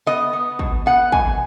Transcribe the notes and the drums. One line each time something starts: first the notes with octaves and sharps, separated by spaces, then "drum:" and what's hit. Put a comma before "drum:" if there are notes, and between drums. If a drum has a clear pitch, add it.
B3 D#5
B3
B2, drum: kick
B3 F#5
B2 G#5, drum: kick